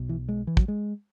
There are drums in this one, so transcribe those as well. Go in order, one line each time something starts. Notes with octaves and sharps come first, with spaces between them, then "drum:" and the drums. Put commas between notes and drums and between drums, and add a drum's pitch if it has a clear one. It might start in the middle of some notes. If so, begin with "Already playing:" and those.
Already playing: B1 B2
E3
G#3
E3
F#3, drum: kick
G#3